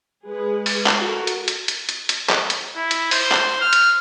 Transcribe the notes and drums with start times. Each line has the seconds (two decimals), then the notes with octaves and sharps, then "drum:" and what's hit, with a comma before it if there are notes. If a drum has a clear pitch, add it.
0.24 G#3 G#4 B4
0.66 drum: open hi-hat
0.86 drum: clap
0.99 F#4 A4 A#4
1.27 drum: hi-hat
1.48 drum: hi-hat
1.68 drum: hi-hat
1.89 drum: hi-hat
2.09 drum: hi-hat
2.30 drum: clap
2.50 drum: hi-hat
2.76 E4
2.91 drum: hi-hat
3.11 C5, drum: open hi-hat
3.32 drum: clap
3.61 F6
3.73 drum: hi-hat